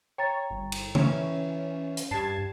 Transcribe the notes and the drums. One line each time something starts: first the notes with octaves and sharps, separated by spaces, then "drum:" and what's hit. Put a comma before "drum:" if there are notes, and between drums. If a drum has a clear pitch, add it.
C#5 G5 A#5 A6
G1
drum: cymbal
E3 C#4, drum: tom
drum: hi-hat
G2 G4 A5 G#6 C7